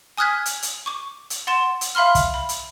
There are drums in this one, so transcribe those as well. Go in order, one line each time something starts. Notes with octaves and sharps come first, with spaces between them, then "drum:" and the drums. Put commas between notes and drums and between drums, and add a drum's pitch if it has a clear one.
G#5 D#6 F6 F#6 G#6 B6
drum: hi-hat
drum: hi-hat
C#6 D6
drum: hi-hat
F#5 C6 A6 E7
drum: hi-hat
E5 F5 B5 C6 F6
drum: kick, hi-hat
B5
drum: hi-hat